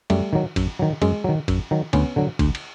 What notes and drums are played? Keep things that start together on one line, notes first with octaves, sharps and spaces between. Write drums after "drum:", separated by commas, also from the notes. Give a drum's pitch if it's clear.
F#2 G3 A3, drum: cymbal
D#3 F#3
F#2, drum: kick G#1, cymbal
D#3 F#3
F#2 G#3, drum: cymbal
D#3 F#3
F#2, drum: kick G#1, cymbal
D#3 F#3
D2 B3 C#4, drum: cymbal
D3 F#3
D2, drum: kick G#1, cymbal
drum: cymbal